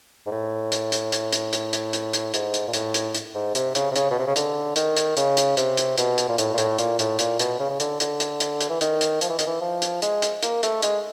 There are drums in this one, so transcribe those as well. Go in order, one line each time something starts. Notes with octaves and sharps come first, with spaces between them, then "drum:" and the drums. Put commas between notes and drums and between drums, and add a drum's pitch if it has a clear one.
G#2
A2
drum: hi-hat
drum: hi-hat
drum: hi-hat
drum: hi-hat
drum: hi-hat
drum: hi-hat
drum: hi-hat
drum: hi-hat
G#2, drum: hi-hat
drum: hi-hat
A#2
A2, drum: hi-hat
drum: hi-hat
drum: hi-hat
G#2
C3, drum: hi-hat
C#3, drum: hi-hat
C3
C#3, drum: hi-hat
B2
C3
C#3
D3, drum: hi-hat
D#3, drum: hi-hat
drum: hi-hat
C#3, drum: hi-hat
drum: hi-hat
C3, drum: hi-hat
drum: hi-hat
B2, drum: hi-hat
drum: hi-hat
A#2
A2, drum: hi-hat
A#2
A2, drum: hi-hat
A#2, drum: hi-hat
A2, drum: hi-hat
A#2, drum: hi-hat
B2, drum: hi-hat
C#3
C#3
D3, drum: hi-hat
D3, drum: hi-hat
drum: hi-hat
drum: hi-hat
drum: hi-hat
E3
D#3, drum: hi-hat
drum: hi-hat
F3, drum: hi-hat
E3
D#3, drum: hi-hat
E3
F3
drum: hi-hat
G#3, drum: hi-hat
drum: hi-hat
A#3, drum: hi-hat
A3, drum: hi-hat
G#3, drum: hi-hat